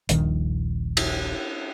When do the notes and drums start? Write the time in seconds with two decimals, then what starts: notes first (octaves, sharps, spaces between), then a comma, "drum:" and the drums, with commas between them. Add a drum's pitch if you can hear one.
0.09 D#1 A#1 D#3, drum: hi-hat
0.97 drum: cymbal